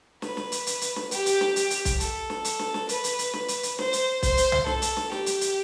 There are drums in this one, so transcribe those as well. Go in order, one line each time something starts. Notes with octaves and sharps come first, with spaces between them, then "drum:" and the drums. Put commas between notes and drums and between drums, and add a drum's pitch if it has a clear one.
B4, drum: snare
drum: snare
drum: hi-hat
drum: hi-hat
drum: hi-hat
drum: snare
G4, drum: hi-hat
drum: hi-hat
drum: snare
G4, drum: hi-hat
drum: hi-hat
drum: kick, hi-hat
A4, drum: hi-hat
drum: snare
drum: hi-hat
drum: snare
drum: snare
B4, drum: hi-hat
drum: hi-hat
drum: hi-hat
drum: snare
drum: hi-hat
drum: hi-hat
C5, drum: snare
drum: hi-hat
C5, drum: kick, hi-hat
drum: hi-hat
drum: tom
A4, drum: snare
drum: hi-hat
drum: snare
G4, drum: snare
drum: hi-hat
drum: hi-hat